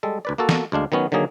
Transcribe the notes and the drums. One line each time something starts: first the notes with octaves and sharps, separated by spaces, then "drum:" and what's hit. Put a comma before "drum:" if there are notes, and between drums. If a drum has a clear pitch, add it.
G3 G#3 A4
D2 B4 D5
A#3 F#4 A4
drum: snare
D2 G#3 D4 F5
D#3 F#3 B3 C#4
D3 D#3 F#3 A#3 G#4